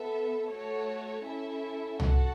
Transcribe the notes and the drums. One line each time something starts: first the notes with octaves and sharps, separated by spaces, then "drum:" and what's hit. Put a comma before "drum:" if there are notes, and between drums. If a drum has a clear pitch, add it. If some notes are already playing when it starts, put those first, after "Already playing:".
Already playing: B3 A4 E5
A3 F#4 A4 C#5 A5
C#4 E4 A4 E5
F#4 A4 F#5 A5, drum: tom C2